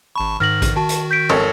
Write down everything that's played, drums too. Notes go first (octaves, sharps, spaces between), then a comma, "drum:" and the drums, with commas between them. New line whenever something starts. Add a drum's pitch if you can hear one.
G#1 A5 B5 C#6
G#2 D#3 F6 A#6 F#7
drum: kick A1, hi-hat
D#3 F#4 A5
drum: hi-hat
G6 B6 D7
G#1 A4 A#4 C#5, drum: tom